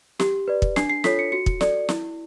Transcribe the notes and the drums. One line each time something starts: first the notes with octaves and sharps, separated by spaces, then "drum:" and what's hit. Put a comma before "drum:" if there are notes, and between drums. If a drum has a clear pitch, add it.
G4, drum: snare
B4 D5
drum: kick
D4 C7, drum: snare
C7
F4 A4 C#5 B6, drum: snare
C#7
F#4 C#7
drum: kick
A4 D5, drum: snare
E4, drum: snare